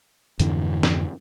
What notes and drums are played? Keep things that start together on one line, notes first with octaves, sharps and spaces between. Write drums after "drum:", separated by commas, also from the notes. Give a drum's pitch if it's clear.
F2 G#2 D3 E3, drum: hi-hat
drum: snare